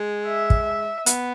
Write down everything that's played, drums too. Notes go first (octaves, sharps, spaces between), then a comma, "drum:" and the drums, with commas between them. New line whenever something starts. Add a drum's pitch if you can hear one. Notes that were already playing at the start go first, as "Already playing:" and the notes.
Already playing: G#3
E5
drum: kick
B3, drum: hi-hat